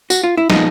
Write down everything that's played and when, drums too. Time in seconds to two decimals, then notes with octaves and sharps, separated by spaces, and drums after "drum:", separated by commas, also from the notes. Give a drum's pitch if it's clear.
0.10 F#4, drum: tambourine
0.24 F4
0.37 E4
0.50 A#2 F3 G#3 B3 D#4, drum: snare